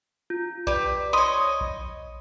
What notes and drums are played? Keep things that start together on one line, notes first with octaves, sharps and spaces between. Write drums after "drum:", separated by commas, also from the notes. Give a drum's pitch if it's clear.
F4
G4 B4 D5, drum: kick A#1
C#5 D#5 B5 C6
drum: kick A#1